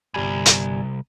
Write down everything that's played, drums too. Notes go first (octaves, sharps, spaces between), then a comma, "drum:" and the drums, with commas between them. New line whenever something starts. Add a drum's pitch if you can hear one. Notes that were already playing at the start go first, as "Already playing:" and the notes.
G1 C2 G2 G3 G#5
drum: hi-hat